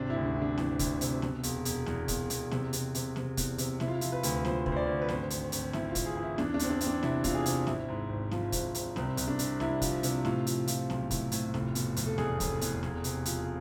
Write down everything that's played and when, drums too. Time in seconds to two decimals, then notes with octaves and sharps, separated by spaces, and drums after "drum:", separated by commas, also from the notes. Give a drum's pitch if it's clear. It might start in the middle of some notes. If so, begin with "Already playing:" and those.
Already playing: G#1 C3 D4
0.10 D2 E4
0.26 D4
0.36 E3
0.42 D4
0.58 E3, drum: snare
0.79 D2, drum: kick, hi-hat
1.01 C3, drum: hi-hat
1.22 B2, drum: snare
1.43 E1, drum: hi-hat
1.65 E1, drum: hi-hat
1.86 E2, drum: snare
2.08 E1, drum: kick, hi-hat
2.30 E2, drum: hi-hat
2.51 C3, drum: snare
2.73 C3, drum: hi-hat
2.95 C3, drum: hi-hat
3.16 C3, drum: snare
3.37 E2, drum: kick, hi-hat
3.58 C3, drum: hi-hat
3.80 C3 E4, drum: snare
3.88 F4
3.95 E4
4.01 F3, drum: hi-hat
4.12 B4
4.23 D2, drum: hi-hat
4.45 F3 C5, drum: snare
4.66 D2, drum: kick
4.72 C5
4.77 D5
4.87 D2
5.02 B4
5.09 G#1 C5, drum: snare
5.30 G#1, drum: hi-hat
5.52 G#1, drum: hi-hat
5.73 G#1 E4, drum: snare
5.89 F4
5.95 G#1, drum: kick, hi-hat
6.06 G#4
6.16 E3
6.22 E4
6.38 E2 D4, drum: snare
6.54 D4
6.59 E2 C4, drum: hi-hat
6.70 D4
6.81 E3 C4, drum: hi-hat
6.87 D4
7.03 C3 E4, drum: snare
7.24 E2 F4, drum: kick, hi-hat
7.35 G#4
7.46 C3, drum: hi-hat
7.67 G#1 E4, drum: snare
7.88 G#2
8.09 G#1
8.31 F3, drum: snare
8.52 G#1, drum: kick, hi-hat
8.75 G#1, drum: hi-hat
8.96 C2 C4, drum: snare
9.17 C2, drum: hi-hat
9.28 D4
9.39 C3, drum: hi-hat
9.60 C2 E4, drum: snare
9.82 F3, drum: kick, hi-hat
10.03 C3, drum: hi-hat
10.25 A2 F4, drum: snare
10.47 F3, drum: hi-hat
10.67 F3, drum: hi-hat
10.90 B1, drum: snare
11.11 A2, drum: kick, hi-hat
11.32 A2, drum: hi-hat
11.54 F1, drum: snare
11.75 B2, drum: hi-hat
11.96 F1, drum: hi-hat
12.06 A4
12.18 E2 G#4, drum: snare
12.40 F1, drum: kick, hi-hat
12.61 E2, drum: hi-hat
12.83 E1, drum: snare
13.04 C3, drum: hi-hat
13.25 F3, drum: hi-hat